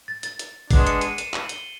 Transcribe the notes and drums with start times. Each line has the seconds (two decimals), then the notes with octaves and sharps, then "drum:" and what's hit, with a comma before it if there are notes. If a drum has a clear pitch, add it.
0.08 A6
0.23 A6, drum: hi-hat
0.39 drum: hi-hat
0.71 G#3 B3 D4 C7, drum: kick, open hi-hat
0.87 C#7, drum: hi-hat
1.01 D#7, drum: hi-hat
1.18 E7, drum: hi-hat
1.34 F#7, drum: clap
1.49 G7, drum: hi-hat